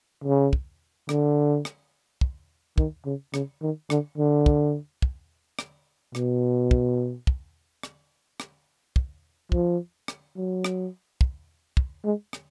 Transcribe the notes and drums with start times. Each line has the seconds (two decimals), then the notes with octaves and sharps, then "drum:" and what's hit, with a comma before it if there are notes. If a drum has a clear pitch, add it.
0.24 C#3
0.53 drum: kick
1.09 D3, drum: rim click
1.65 drum: rim click
2.21 drum: kick
2.78 D#3, drum: kick
3.05 C#3
3.34 C#3, drum: rim click
3.62 D#3
3.90 D3, drum: rim click
4.18 D3
4.46 drum: kick
5.02 drum: kick
5.59 drum: rim click
6.15 B2, drum: rim click
6.71 drum: kick
7.27 drum: kick
7.83 drum: rim click
8.40 drum: rim click
8.96 drum: kick
9.52 F3, drum: kick
10.08 drum: rim click
10.37 F#3
10.64 drum: rim click
11.21 drum: kick
11.77 drum: kick
12.05 G#3
12.33 drum: rim click